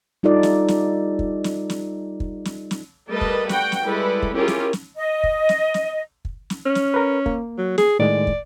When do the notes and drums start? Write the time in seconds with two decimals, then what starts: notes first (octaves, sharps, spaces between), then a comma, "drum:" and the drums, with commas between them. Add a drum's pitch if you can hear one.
0.23 G3 D#4 F4 A4 D5
0.43 drum: snare
0.68 drum: snare
1.19 drum: kick
1.44 drum: snare
1.70 drum: snare
2.20 drum: kick
2.45 drum: snare
2.71 drum: snare
3.09 G3 A3 A#4 B4 D#5 A5
3.21 drum: kick
3.49 F#4 F#5 G5, drum: snare
3.72 drum: snare
3.84 G3 G#3 E4 A4 B4
4.22 drum: kick
4.35 C#4 E4 F4 G4 G#4 A#4
4.48 drum: snare
4.73 drum: snare
4.96 D#5
5.24 drum: kick
5.49 drum: snare
5.74 drum: snare
6.25 drum: kick
6.50 drum: snare
6.66 C#4 F6
6.75 drum: snare
6.94 A#4 B4
7.26 A#3, drum: kick
7.58 F#3
7.78 G#4, drum: snare
7.99 A2 D#3 G#3 D5
8.27 drum: kick